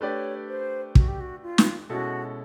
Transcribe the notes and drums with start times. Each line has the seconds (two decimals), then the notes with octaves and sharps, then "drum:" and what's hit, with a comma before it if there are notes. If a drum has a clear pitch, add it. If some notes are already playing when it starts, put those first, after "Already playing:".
0.01 A3 D4 G4 B4 C#5 D5
0.48 C5
0.95 F#4, drum: kick
1.08 G4
1.20 F#4
1.43 F4
1.58 drum: snare
1.89 B2 G#3 C#4 E4 F#4 A4